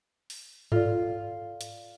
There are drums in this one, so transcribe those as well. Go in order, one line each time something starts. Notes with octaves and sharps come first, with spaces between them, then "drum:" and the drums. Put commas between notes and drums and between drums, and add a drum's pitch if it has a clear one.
drum: open hi-hat
F4 A4 D5, drum: tom G#2
drum: hi-hat